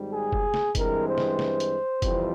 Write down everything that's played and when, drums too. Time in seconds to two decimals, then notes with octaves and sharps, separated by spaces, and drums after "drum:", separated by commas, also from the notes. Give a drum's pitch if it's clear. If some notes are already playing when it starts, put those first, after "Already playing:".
Already playing: G#1 G#2 G3
0.11 G#4
0.32 drum: kick
0.54 drum: snare
0.75 G2 E3 G#3 C4 A#4, drum: kick, hi-hat
1.07 C5
1.18 drum: snare
1.39 drum: snare
1.60 drum: hi-hat
2.02 F2 E3 G3 C4, drum: kick, hi-hat